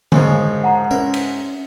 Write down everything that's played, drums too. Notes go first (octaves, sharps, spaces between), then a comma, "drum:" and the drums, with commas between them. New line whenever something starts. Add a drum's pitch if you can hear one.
C2 G#2 C#3 F3 G#3 G#5, drum: tom D3
F#5 A5 A#5
C#4 E4 A#4 B4 C#5
drum: cymbal